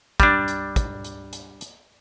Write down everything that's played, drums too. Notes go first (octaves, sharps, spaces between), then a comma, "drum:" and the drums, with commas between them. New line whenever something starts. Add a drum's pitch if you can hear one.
G3 D4, drum: kick, hi-hat
drum: hi-hat
drum: kick, hi-hat
drum: hi-hat
drum: hi-hat
drum: hi-hat